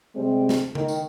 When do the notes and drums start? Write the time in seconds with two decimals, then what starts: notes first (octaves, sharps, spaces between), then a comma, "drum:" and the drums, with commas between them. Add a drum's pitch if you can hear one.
0.16 C3 G3 G#3 C4
0.49 drum: snare
0.75 D#3, drum: tom C#3
0.88 drum: tambourine